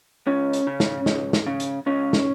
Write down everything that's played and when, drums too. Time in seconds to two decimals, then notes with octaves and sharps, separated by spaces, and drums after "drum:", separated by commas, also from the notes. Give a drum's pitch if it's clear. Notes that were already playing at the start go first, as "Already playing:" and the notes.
0.27 C#2 C#4
0.53 drum: hi-hat
0.67 C#3
0.80 drum: snare
1.06 C#2, drum: snare
1.33 drum: snare
1.46 C#3
1.60 drum: hi-hat
1.86 C#2 C#4
2.13 drum: snare